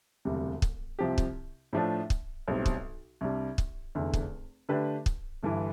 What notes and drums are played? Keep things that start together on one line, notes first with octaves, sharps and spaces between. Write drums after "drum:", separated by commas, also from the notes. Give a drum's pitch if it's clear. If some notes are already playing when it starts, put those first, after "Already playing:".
E1 D2 C3 G3
drum: kick
C2 C3 F3 C4 G4
drum: kick
A2 F3 A3 D4
drum: kick
B1 A2 G3 C4
drum: kick
C2 C3 G3 D4
drum: kick
F1 E2 D3
drum: kick
D3 A3 D4 G4 B4
drum: kick
G1 G2 E3